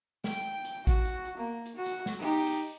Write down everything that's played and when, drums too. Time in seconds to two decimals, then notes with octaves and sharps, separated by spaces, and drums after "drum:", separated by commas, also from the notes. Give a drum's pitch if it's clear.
0.24 G5, drum: snare
0.65 drum: hi-hat
0.87 F#4, drum: kick A1, hi-hat
1.05 drum: hi-hat
1.25 drum: hi-hat
1.38 A#3
1.66 drum: hi-hat
1.76 F#4
1.86 drum: hi-hat
2.06 drum: snare
2.19 D#4 G4
2.46 drum: open hi-hat